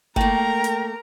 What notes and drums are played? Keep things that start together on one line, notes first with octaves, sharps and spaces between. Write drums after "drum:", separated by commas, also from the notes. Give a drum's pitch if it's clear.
A3 A#3 A#4 G5 A#5, drum: kick
drum: hi-hat